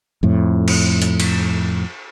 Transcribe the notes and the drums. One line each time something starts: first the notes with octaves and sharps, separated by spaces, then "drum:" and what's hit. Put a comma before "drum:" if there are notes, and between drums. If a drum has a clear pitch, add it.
F2 A2
drum: cymbal
drum: hi-hat
drum: cymbal